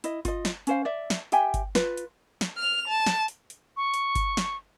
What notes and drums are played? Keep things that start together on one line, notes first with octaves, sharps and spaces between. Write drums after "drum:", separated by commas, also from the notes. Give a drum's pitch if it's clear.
E4 D#5, drum: hi-hat
F4 D#5, drum: kick G1, hi-hat
drum: snare
C#4 C5 F5, drum: hi-hat
D5 E5
drum: snare
G4 E5 G5 G#5, drum: hi-hat
drum: kick G1, hi-hat
F4 B4, drum: snare
drum: hi-hat
drum: snare
F6 F7
A5
drum: snare
drum: hi-hat
drum: hi-hat
C#6
drum: hi-hat
drum: kick G1, hi-hat
drum: snare